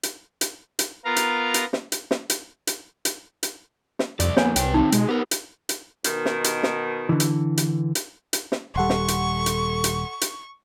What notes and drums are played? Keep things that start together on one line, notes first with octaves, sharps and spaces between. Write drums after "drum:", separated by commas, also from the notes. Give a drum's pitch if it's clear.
drum: hi-hat
drum: hi-hat
drum: hi-hat
B3 F4 A#4 F5 A#5
drum: hi-hat
drum: hi-hat
drum: snare
drum: hi-hat
drum: snare
drum: hi-hat
drum: hi-hat
drum: hi-hat
drum: hi-hat
drum: snare
C2 F2 D5, drum: hi-hat
F2 A#3 B3 C#5 G#5, drum: snare
C2 B4 G5, drum: hi-hat
D#3 C4 D#4
B2 G#3, drum: hi-hat
B3 G4 A#4
drum: hi-hat
drum: hi-hat
B2 D#3, drum: hi-hat
drum: snare
drum: hi-hat
drum: snare
D3 E3
drum: hi-hat
drum: hi-hat
drum: hi-hat
drum: hi-hat
drum: snare
D#1 G3 A4 F#5 C6 C#6
drum: snare
drum: hi-hat
drum: hi-hat
drum: hi-hat
drum: hi-hat